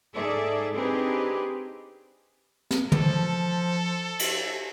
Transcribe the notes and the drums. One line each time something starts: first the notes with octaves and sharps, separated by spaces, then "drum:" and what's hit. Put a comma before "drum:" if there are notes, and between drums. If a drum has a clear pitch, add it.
G#2 D#4 G#4 A4 D5 E5
C4 D4 D#4 G4 G#4 B4
drum: snare
F3 A4, drum: tom
drum: cymbal